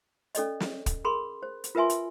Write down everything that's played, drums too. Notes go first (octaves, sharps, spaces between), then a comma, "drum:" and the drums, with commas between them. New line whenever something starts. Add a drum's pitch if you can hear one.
C#4 A4 D5 D#5, drum: hi-hat
drum: snare
drum: kick, hi-hat
G#4 A#4 B5 C6
C5
drum: hi-hat
F4 A#4 B4 E5 G#5 C6
drum: hi-hat